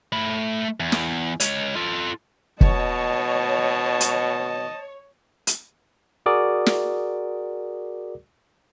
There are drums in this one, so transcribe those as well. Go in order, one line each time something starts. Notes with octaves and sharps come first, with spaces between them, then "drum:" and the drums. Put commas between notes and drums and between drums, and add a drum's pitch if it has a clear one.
A3 B5
E2
drum: snare
G#3 C#5, drum: hi-hat
F4 A4
B2 C#5 D#5 A5, drum: kick
drum: hi-hat
drum: hi-hat
F#4 G#4 A#4 D5 D6 D#6
drum: snare